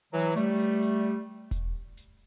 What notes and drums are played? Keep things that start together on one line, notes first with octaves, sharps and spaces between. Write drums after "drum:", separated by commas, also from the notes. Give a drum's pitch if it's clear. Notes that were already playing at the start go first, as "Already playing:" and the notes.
E3 F#3
G3 A3, drum: hi-hat
drum: hi-hat
drum: hi-hat
drum: kick E1, hi-hat
drum: hi-hat